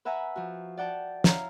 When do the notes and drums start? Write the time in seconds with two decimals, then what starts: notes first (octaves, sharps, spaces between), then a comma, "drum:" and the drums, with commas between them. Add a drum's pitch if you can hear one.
0.05 B4 E5 F#5 G#5 A#5
0.36 F3 F#4
0.77 D5 F#5 G5 A5
1.24 E4 C#5 F5 A#5, drum: snare